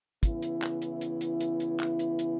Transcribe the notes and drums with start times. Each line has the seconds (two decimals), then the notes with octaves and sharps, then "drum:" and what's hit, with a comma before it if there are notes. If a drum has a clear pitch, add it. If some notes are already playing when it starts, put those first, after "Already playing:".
0.23 C#3 E3 B3 E4, drum: kick, hi-hat
0.42 drum: hi-hat
0.62 drum: clap
0.82 drum: hi-hat
1.01 drum: hi-hat
1.21 drum: hi-hat
1.41 drum: hi-hat
1.60 drum: hi-hat
1.80 drum: clap
1.99 drum: hi-hat
2.19 drum: hi-hat